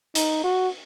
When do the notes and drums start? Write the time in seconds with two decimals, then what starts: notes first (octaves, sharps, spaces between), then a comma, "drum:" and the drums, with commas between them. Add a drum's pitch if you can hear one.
0.15 D#4, drum: hi-hat
0.44 F#4